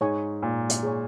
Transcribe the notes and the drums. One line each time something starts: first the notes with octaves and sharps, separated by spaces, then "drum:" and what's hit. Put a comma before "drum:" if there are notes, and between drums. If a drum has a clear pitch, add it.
G#2 G#4 C#5 G#5 C#6
A#2
drum: hi-hat
G#4 C#5 G#5 C#6